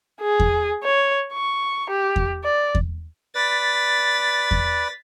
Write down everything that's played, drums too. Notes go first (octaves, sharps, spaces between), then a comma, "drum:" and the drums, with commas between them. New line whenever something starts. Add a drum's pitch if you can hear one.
G#4
drum: kick E2
C#5
C#6
G4
drum: kick E2
D5
drum: kick E2
B4 D5 A6 B6
drum: kick E2